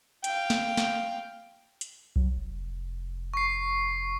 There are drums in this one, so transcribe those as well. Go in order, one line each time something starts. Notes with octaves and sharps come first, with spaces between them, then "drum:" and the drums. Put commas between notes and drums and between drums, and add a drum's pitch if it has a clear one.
F5 G5, drum: hi-hat
drum: snare
drum: snare
drum: hi-hat
F#3, drum: kick B1
F1
C#6 C7